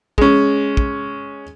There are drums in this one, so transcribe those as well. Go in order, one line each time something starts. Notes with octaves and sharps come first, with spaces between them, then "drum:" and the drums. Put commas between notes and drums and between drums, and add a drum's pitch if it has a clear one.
G#3 C#4, drum: kick
drum: kick